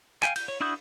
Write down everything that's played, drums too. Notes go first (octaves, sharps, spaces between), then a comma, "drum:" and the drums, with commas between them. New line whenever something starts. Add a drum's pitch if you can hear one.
F5 G5 G#5, drum: clap
G6, drum: cymbal
C#5
D4 E4 F#4 D#6 G6